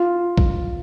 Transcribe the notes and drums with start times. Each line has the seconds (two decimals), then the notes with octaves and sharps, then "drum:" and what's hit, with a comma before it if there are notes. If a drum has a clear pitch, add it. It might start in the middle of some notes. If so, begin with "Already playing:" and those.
Already playing: F4
0.38 drum: kick